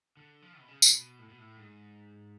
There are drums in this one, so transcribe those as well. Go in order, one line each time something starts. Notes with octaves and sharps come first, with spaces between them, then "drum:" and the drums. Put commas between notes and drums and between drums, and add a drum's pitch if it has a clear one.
D3
F3
B2
C#3
C#3, drum: tambourine
B2
A2
B2
A2
G#2